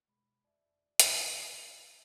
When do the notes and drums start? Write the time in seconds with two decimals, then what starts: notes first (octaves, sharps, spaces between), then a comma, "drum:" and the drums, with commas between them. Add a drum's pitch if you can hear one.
0.08 B2 G#3 B5
0.44 F2 D5 E5
1.00 drum: hi-hat